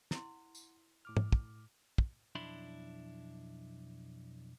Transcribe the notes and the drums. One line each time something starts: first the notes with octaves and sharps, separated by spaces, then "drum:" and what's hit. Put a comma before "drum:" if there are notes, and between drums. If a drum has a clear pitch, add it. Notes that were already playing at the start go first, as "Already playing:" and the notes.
E4 F#5 C6, drum: snare
drum: tambourine
A2 D6 F6
drum: tom
drum: kick
drum: kick
B1 F2 D4 E4 B5 C6